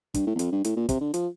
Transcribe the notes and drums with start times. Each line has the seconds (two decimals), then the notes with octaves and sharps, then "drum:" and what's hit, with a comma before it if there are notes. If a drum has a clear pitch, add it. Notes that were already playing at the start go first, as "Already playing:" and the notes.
0.14 G2, drum: kick, hi-hat
0.27 A2
0.35 E2
0.39 F2, drum: hi-hat
0.52 G2
0.64 A2, drum: hi-hat
0.76 A#2
0.89 C3, drum: kick, hi-hat
1.01 D3
1.14 F3, drum: hi-hat